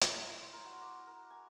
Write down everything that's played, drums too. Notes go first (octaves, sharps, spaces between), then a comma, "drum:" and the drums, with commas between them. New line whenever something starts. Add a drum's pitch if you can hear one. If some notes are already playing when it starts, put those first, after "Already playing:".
E4, drum: hi-hat
G5
C6
A#4
F#4
D6
A#4
G#5